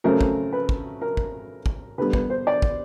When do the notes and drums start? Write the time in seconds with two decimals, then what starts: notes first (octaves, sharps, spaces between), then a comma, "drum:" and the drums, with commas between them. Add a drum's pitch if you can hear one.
0.04 C#3 F#3 A3 C4 A#4
0.21 drum: kick
0.53 B4
0.69 drum: kick
1.01 A#4
1.17 drum: kick
1.66 drum: kick
1.98 D3 G3 B3 B4
2.13 B4, drum: kick
2.30 C5
2.47 D5
2.62 drum: kick